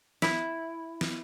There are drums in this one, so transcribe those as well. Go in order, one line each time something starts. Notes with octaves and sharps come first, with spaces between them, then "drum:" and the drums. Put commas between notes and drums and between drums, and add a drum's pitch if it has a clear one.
E4, drum: snare
drum: snare